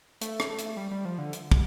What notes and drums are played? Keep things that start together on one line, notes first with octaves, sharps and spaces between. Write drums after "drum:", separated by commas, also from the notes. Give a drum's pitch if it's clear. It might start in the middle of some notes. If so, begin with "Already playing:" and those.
A3, drum: hi-hat
drum: rim click
A3
drum: hi-hat
G3
G3
F3
D3
drum: hi-hat
drum: kick